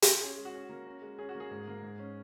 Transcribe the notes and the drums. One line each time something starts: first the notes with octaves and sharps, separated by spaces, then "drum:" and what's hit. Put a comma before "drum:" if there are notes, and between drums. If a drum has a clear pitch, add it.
drum: hi-hat
C#4 G#4
G#3
F#4
C#4
A#3
C#4
G#3
C#4 G#4
F#4
A#3
G#4
G#2
A#3
G#2
C#4